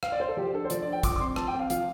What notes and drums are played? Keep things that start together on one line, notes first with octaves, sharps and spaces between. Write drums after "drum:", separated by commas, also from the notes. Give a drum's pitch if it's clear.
F5, drum: rim click
D5
C5
A4
F3 G4
D4 A4
C5
F3 D5, drum: hi-hat
D5
D4
G5
F3 D6, drum: kick, hi-hat
D6
C4 C6
F3 A5, drum: rim click
G5
C4
F5
F3 F5, drum: hi-hat